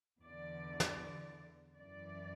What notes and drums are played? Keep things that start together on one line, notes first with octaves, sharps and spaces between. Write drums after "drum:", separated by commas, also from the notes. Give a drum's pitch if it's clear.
E2 D3 D5
drum: snare
F#2 E3 D5